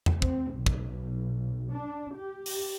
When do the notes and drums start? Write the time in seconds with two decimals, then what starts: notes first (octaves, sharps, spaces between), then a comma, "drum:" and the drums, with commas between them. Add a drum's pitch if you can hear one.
0.06 drum: tom E2
0.22 C4, drum: kick
0.53 B1
0.66 drum: kick
1.72 D4
2.15 G4
2.46 drum: open hi-hat